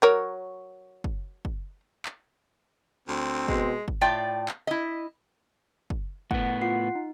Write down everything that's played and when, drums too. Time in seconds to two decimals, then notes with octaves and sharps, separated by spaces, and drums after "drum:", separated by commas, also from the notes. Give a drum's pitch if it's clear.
0.02 F#3 A#4 C#5
1.04 drum: kick
1.45 drum: kick
2.06 drum: clap
3.08 D2 C4
3.48 B2 G#3, drum: kick
3.88 drum: kick
4.01 A2 F4 D5 G5 A5
4.49 drum: clap
4.67 E4 D#5
5.90 drum: kick
6.31 A2 B3 F#5, drum: kick
6.62 F4 F#5 C7
6.95 D#4